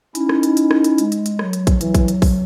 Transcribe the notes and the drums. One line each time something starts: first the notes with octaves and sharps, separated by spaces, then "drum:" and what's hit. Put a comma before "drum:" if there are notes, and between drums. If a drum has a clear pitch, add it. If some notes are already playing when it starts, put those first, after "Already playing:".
C#4 D#4 E4, drum: hi-hat
drum: rim click
drum: hi-hat
drum: hi-hat
drum: rim click
drum: hi-hat
G#3, drum: hi-hat
drum: hi-hat
drum: hi-hat
F#3, drum: rim click
drum: hi-hat
drum: kick, hi-hat
E3 F#3, drum: hi-hat
drum: kick, hi-hat
drum: hi-hat
drum: kick, open hi-hat